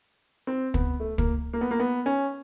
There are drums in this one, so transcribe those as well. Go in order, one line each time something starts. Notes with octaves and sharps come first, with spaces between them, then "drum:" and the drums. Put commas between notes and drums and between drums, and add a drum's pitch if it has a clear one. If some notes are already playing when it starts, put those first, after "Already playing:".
C4
B3, drum: kick
A3
A#3, drum: kick
A#3
B3
A#3
B3
C#4